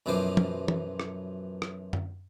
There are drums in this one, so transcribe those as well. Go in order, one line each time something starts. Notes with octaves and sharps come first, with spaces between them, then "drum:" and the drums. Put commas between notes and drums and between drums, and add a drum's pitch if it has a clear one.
B1 F#2 E3 F3 C5 D6
drum: tom
drum: tom E3
drum: rim click
drum: rim click
drum: tom F#2